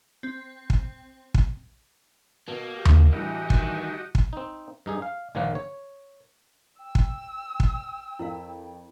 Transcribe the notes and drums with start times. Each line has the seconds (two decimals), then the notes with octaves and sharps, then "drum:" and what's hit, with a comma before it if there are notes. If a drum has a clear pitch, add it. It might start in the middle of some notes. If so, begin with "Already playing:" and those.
0.23 C4
0.70 drum: kick
1.34 drum: kick
2.48 B2 A#3
2.75 G4
2.85 drum: tom D#2
3.13 A2 D3 E3 G3 F#4 G4 D#5
3.50 D#3, drum: kick
4.15 drum: kick
4.33 C4 D#4
4.86 G2 D#4 G#4
5.02 F5
5.35 G1 A#2 D#3 F3 A#3 F#5
5.55 C#5
6.79 G5 E6
6.95 drum: kick
7.60 drum: kick
8.19 F2 E4 A#4 F5